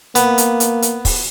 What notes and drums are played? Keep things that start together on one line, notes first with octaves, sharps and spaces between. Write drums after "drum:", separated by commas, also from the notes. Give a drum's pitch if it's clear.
A#3 B3, drum: hi-hat
drum: hi-hat
drum: hi-hat
drum: hi-hat
drum: kick, open hi-hat